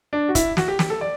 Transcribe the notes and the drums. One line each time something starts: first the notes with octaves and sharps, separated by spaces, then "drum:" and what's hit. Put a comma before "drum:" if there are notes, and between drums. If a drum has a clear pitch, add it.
D4
F#4
E4, drum: kick, hi-hat
F#4, drum: snare
G4
G4, drum: snare
A4
D5